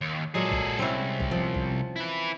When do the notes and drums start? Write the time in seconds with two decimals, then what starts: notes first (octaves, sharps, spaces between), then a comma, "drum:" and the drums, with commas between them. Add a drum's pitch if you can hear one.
0.01 D#2
0.34 A#2 F#3 G#3 G#4 A4
0.52 drum: kick A#1
0.79 C2 C4 C#4 E4
1.20 drum: kick A#1
1.31 F3
1.55 drum: kick A#1
1.96 E4 B4